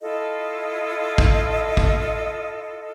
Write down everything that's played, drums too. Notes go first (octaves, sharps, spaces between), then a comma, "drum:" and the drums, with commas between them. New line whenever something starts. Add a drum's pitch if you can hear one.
E4 F4 A4 D#5
drum: kick
drum: kick